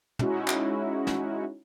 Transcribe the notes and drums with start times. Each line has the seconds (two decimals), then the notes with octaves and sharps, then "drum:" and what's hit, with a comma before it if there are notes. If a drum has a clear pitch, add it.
0.19 G#3 C#4 D#4 E4 F#4, drum: tom
0.48 drum: clap
1.07 drum: snare